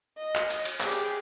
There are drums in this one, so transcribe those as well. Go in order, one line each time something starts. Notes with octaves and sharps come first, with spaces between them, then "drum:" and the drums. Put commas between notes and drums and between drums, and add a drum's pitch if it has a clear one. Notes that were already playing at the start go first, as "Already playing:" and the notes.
D#5
drum: clap
drum: cymbal
drum: cymbal
G4 G#4, drum: clap